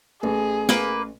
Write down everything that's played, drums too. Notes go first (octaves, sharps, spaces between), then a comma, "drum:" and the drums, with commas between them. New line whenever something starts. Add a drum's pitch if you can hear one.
A1 G#4
A#3 B4, drum: snare